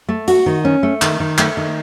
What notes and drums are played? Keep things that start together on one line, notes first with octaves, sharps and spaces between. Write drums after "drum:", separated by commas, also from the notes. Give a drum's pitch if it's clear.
A3
F#4, drum: hi-hat
D#3
C#4
A3
D#3, drum: clap
D#3
A3, drum: clap
D#3